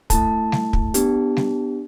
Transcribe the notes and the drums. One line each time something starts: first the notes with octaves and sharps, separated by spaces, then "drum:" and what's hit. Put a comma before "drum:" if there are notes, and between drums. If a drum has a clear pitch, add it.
A3 E4 A4 A5, drum: kick, hi-hat
drum: snare G3
drum: kick
B3 D4 G4, drum: hi-hat
drum: snare G3